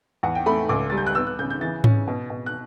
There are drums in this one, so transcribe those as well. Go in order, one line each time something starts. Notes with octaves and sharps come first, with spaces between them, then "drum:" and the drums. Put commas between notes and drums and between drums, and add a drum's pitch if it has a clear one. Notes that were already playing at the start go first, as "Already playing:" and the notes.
E2 F#5
G5
A3 B5
C#2 D6
G3 A6
G6
F#6
B3 E6
F#6
C#3 G6
G6
E3 A6
C#4, drum: tom G#2
B2
B2
F#6